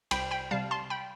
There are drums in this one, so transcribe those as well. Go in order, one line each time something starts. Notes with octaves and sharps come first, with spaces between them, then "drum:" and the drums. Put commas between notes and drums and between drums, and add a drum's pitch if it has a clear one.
C2 G5 B5, drum: cymbal
G5 B5
C3 G3 F5 A5
A5 C6
G5 B5